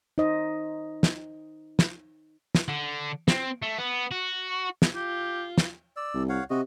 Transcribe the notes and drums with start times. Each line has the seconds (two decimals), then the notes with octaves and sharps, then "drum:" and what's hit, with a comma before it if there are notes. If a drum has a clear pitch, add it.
0.18 D#4 C5 D#5
1.03 drum: snare
1.79 drum: snare
2.55 drum: snare
2.68 D3
3.28 C4, drum: snare
3.62 A3
3.78 B3
4.11 F#4
4.82 drum: snare
4.95 F4 G4
5.58 drum: snare
5.97 D5 E6
6.14 C2
6.29 C#5 F5 F#5
6.50 C3 F#4 D#5